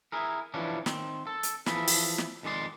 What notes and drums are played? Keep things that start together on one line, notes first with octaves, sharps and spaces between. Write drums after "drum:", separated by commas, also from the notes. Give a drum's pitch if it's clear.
E4 G#4 A#4
E3 F3 G3 C#4 D4
D#3 C4, drum: snare
A4
drum: hi-hat
E3 F3 G#4 A4 B5, drum: snare
drum: open hi-hat
drum: snare
F2 D#3 G#3 D5 C6